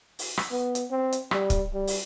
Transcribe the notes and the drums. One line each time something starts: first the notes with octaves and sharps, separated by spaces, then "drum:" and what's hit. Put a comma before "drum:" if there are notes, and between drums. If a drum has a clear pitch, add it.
drum: open hi-hat
drum: rim click
B3
drum: hi-hat
C4
drum: hi-hat
G3, drum: rim click
drum: kick, hi-hat
G3
drum: open hi-hat